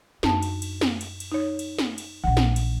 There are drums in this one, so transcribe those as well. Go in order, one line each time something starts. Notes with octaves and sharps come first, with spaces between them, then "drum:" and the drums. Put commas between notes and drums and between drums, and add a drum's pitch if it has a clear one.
F#2 D4 D#4 A5, drum: snare
drum: cymbal
drum: cymbal
drum: snare
drum: cymbal
drum: cymbal
D#4 C#5
drum: cymbal
drum: snare
drum: cymbal
A#1 E3 F#5
drum: snare
drum: cymbal